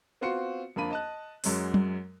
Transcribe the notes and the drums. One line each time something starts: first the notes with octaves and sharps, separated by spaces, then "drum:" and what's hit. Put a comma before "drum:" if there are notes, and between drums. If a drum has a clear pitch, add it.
B3 C4 F4 F#4 C6 C#7
F2 A#3 D4 B5 D#7
D#5 A5 F#6
F#2 F#3 G#3 C#4, drum: open hi-hat
drum: tom F#3